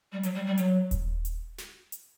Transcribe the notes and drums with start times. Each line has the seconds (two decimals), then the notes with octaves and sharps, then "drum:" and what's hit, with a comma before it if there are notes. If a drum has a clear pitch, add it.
0.12 G3
0.23 F#3, drum: hi-hat
0.35 G3
0.46 G3
0.58 F#3, drum: hi-hat
0.91 drum: kick D#1, hi-hat
1.25 drum: hi-hat
1.58 drum: snare
1.92 drum: hi-hat